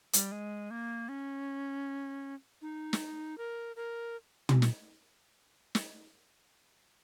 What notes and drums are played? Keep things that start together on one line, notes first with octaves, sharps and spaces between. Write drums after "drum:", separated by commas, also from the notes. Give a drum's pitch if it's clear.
G3, drum: hi-hat
G#3
A#3
C#4
D#4
drum: snare
A#4
A#4
drum: tom
drum: snare
drum: snare